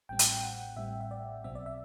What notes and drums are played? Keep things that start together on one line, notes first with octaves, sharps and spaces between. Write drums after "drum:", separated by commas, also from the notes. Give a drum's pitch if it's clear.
A1 A2 G3 C4 G5
drum: hi-hat
F#5
A1 A2 G3 C4 E5
E5
D5
B1 B2 F#3 C4 E5
D5
E5